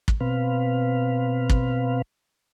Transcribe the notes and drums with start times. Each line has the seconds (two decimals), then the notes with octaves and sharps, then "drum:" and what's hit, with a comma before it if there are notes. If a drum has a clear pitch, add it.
0.08 drum: kick
0.21 B2 C4 B4 F5
1.50 drum: kick